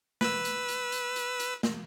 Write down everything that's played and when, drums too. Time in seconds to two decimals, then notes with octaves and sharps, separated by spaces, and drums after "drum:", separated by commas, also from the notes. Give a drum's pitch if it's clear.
0.21 B4 E6, drum: snare
0.45 drum: hi-hat
0.68 drum: hi-hat
0.92 drum: hi-hat
1.16 drum: hi-hat
1.40 drum: hi-hat
1.63 drum: snare